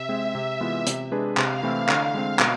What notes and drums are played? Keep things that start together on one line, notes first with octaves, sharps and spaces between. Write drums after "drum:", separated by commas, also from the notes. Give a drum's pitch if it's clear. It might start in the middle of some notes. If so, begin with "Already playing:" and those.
Already playing: C3 E5
G#3 C4 G#4
C3
E3 G#3 B3 F4
C3, drum: hi-hat
G#3 D4 G#4 B4
C3 F5, drum: clap
E3 A3 C4 E4
D3, drum: clap
G#3 C4
B2, drum: clap